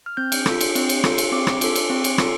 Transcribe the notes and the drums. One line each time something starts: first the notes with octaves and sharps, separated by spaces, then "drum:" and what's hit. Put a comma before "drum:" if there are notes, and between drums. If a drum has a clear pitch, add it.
F6
C4 G6
drum: cymbal
F4 A4, drum: rim click
drum: cymbal
C4, drum: cymbal
drum: cymbal
F4 A4, drum: rim click
drum: cymbal
C4 D6
drum: rim click
F4 A4, drum: cymbal
drum: cymbal
C4
drum: cymbal
F4 A4, drum: rim click